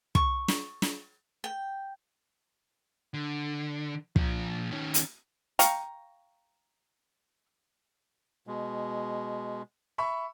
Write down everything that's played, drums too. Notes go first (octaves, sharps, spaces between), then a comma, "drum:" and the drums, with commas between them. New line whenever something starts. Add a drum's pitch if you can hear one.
C#6, drum: kick
drum: snare
drum: snare
G5
D3
A#2 F3, drum: kick
D#3 C#4
drum: hi-hat
F5 G5 A#5 C#6, drum: hi-hat
B2 G#3
E5 B5 C#6